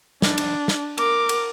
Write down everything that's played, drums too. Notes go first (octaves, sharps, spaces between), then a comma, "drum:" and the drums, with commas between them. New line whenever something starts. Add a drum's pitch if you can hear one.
D4, drum: snare
drum: cymbal
drum: snare
A#4 D6, drum: cymbal
drum: cymbal